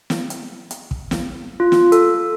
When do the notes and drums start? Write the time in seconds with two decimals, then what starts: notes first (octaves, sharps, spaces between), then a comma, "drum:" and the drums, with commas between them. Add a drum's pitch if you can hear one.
0.10 drum: snare
0.30 drum: hi-hat
0.71 drum: hi-hat
0.91 drum: kick
1.11 drum: snare
1.60 F4
1.72 drum: snare
1.92 A4, drum: hi-hat